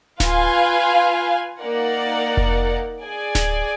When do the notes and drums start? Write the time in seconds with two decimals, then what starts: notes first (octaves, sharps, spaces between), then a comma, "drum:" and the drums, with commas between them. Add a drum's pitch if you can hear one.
0.20 F4 B4 F5 G#5, drum: snare D1
1.61 A#3 D#4 A#4 D5 F#5
2.37 drum: kick F1
3.02 G#4 D5 G#5
3.35 drum: snare D1